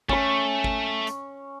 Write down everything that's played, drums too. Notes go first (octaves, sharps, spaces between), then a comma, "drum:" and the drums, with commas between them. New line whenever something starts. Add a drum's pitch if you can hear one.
A3 C#4 C#6, drum: kick
drum: kick
drum: hi-hat